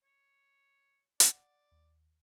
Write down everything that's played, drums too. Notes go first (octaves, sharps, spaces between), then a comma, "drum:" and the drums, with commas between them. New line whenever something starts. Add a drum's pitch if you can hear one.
C#5
D5 F#5, drum: hi-hat
D#2